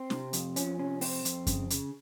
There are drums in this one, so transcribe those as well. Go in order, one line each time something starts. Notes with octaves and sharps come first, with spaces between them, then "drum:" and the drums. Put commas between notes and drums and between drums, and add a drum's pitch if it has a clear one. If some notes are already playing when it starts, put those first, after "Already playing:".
Already playing: C4
C3, drum: snare
F2, drum: hi-hat
F3 C#4, drum: hi-hat
C3 C#4
F2 C4, drum: open hi-hat
F2, drum: hi-hat
C#3, drum: kick F#2, hi-hat
C#3, drum: hi-hat